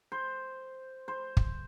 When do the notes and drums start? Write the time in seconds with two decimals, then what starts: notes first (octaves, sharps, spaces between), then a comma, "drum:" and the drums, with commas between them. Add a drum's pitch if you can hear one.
0.12 C5
1.08 C5
1.37 drum: kick